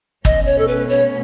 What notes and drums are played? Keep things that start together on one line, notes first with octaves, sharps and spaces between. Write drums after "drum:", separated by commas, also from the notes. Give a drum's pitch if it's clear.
B2 A3 C#4 D#5, drum: kick
C#5
A4
B4
C#5